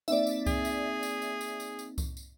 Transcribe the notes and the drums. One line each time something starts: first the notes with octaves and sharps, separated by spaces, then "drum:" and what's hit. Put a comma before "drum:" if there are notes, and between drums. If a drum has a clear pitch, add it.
A#3 C4 D#4 D5 E5, drum: tambourine
drum: tambourine
G#4, drum: kick C2, tambourine
drum: tambourine
drum: tambourine
drum: tambourine
drum: tambourine
drum: tambourine
drum: tambourine
drum: kick C2, tambourine
drum: tambourine